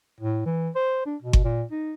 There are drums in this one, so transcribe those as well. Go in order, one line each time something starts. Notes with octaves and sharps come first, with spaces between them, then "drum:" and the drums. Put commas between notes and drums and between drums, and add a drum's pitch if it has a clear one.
A2
E3
C5
D4
B2
drum: kick G1
A#2
D#4